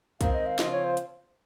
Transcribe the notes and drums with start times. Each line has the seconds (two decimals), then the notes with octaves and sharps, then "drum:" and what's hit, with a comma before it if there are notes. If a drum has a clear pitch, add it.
0.21 D#3 G#3 C4 F5, drum: kick B1, hi-hat
0.33 D#5
0.46 F5
0.59 C#3 F3 C4 F4 D#5, drum: snare
0.71 C#5
0.84 C5
0.97 drum: hi-hat